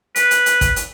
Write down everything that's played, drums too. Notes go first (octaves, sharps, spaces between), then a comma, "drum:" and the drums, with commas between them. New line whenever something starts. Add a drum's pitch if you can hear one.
B4, drum: hi-hat
drum: hi-hat
drum: hi-hat
drum: kick, hi-hat
drum: hi-hat